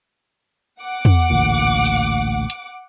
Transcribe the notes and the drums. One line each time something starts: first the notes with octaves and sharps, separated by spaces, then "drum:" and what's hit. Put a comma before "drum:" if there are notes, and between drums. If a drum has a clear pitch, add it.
F#5 D6
drum: tom
A1 D2 A#2
drum: open hi-hat
drum: hi-hat